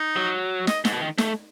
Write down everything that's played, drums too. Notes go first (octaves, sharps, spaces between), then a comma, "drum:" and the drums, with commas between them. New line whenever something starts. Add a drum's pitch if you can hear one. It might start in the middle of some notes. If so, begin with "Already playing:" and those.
Already playing: D#4
F#3
D#5, drum: snare
G#2, drum: snare
B2
D#3
A3, drum: snare